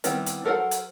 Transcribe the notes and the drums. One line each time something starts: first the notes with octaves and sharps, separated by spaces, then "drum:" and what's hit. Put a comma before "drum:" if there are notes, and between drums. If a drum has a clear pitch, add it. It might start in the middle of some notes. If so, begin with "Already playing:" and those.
D#3 G3 B3 C4 E4, drum: hi-hat
drum: hi-hat
F#3 A4 A#4 C5 F#5
drum: hi-hat